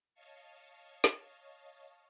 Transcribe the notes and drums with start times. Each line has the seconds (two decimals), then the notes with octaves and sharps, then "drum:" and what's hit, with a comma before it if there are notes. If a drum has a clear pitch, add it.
0.14 C#5 D#5 F5 A5 C#6
1.04 drum: snare